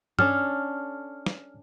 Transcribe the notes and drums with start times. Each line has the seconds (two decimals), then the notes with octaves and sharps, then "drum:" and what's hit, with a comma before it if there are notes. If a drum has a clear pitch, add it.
0.19 C#4 D4 A4 F6, drum: tom G2
1.26 drum: snare